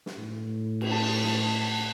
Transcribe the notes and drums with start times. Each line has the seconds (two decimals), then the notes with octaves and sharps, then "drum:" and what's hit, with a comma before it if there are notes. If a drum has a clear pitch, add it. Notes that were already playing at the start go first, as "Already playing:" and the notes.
0.06 drum: snare
0.18 A2
0.81 drum: cymbal
0.91 A5
1.24 drum: snare